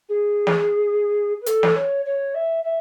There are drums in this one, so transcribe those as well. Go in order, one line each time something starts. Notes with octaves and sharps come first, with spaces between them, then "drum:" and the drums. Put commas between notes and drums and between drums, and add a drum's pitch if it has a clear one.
G#4
drum: snare
B4
A4, drum: hi-hat
drum: snare
C#5
C#5
E5
E5